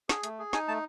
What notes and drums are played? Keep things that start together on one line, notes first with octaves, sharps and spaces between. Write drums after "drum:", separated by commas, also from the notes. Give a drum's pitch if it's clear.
G#4, drum: snare
A3, drum: hi-hat
G#4
D#4 G#5, drum: snare
A3 A5